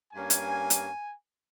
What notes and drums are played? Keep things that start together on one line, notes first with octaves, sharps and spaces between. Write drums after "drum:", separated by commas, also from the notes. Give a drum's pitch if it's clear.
G2 G3 A#3 C#4 G#5
drum: hi-hat
drum: hi-hat